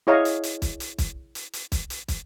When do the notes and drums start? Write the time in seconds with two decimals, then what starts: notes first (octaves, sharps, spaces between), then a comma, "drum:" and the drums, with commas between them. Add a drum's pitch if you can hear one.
0.07 E4 G#4 C#5 D#5 F5 A#5
0.25 drum: hi-hat
0.43 drum: hi-hat
0.62 drum: kick, hi-hat
0.80 drum: hi-hat
0.98 drum: kick, hi-hat
1.35 drum: hi-hat
1.53 drum: hi-hat
1.72 drum: kick, hi-hat
1.90 drum: hi-hat
2.08 drum: kick, hi-hat